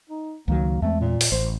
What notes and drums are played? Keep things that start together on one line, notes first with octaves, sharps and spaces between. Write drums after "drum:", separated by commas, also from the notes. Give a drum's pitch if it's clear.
D#4
C#2 D#3 F#3 A#3
E2 G#3 A3 C4
A#2
drum: open hi-hat
A1 C5